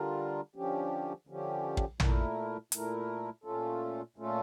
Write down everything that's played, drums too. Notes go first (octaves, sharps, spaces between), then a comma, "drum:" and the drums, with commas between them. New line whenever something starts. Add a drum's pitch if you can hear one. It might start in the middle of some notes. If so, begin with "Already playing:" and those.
Already playing: D3 G3 D4 F4 A#4
D3 F3 C#4 G4
D3 F3 C#4 G4
drum: kick
A#2 A3 E4 A#4, drum: tom
A#2 A3 E4 A#4, drum: hi-hat
A#2 A3 C#4 F4 A4
A#2 A3 C#4 F4 A4